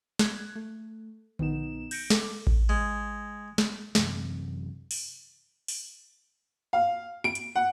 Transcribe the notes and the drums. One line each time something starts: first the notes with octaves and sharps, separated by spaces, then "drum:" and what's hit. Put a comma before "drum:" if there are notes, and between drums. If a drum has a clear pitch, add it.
F#6 G#6, drum: snare
A3
A#1 B3 D#4 E7, drum: tom D3
G6 A#6 C#7 D7, drum: cymbal
A4 D6, drum: snare
drum: kick A1
G#3
drum: snare
F#2 C3 E3 C4, drum: snare
drum: open hi-hat
drum: open hi-hat
F5
D7
drum: hi-hat
F#5